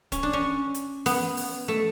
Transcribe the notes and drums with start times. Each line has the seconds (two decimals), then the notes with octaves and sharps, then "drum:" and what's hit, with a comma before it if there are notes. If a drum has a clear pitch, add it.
0.12 C#4, drum: kick C#1, hi-hat
0.23 D4
0.33 C#4
0.74 drum: hi-hat
1.06 B3, drum: open hi-hat
1.37 drum: open hi-hat
1.68 A3